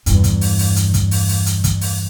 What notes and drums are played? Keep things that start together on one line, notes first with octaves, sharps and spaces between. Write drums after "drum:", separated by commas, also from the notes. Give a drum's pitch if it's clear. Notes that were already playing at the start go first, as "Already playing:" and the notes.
E2 G2, drum: hi-hat
drum: kick, hi-hat
drum: open hi-hat
drum: open hi-hat
drum: hi-hat
drum: kick, hi-hat
drum: open hi-hat
drum: open hi-hat
drum: hi-hat
drum: kick, hi-hat
drum: open hi-hat